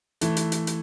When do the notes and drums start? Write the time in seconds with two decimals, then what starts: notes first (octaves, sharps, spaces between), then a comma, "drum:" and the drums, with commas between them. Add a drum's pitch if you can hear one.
0.21 E3 A3, drum: hi-hat
0.37 drum: hi-hat
0.52 drum: hi-hat
0.67 drum: hi-hat